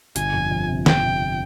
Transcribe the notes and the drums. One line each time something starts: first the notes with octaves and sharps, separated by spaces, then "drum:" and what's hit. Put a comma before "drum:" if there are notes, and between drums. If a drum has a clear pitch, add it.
G1 G#5, drum: hi-hat
F2
F2
C3
F2 G5, drum: snare
C3